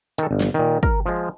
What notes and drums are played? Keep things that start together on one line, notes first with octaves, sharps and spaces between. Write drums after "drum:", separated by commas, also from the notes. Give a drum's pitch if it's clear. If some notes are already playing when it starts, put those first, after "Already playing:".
D#3 A4, drum: hi-hat
G1
drum: snare
A#2 D#3
A#4, drum: kick
F3 G#3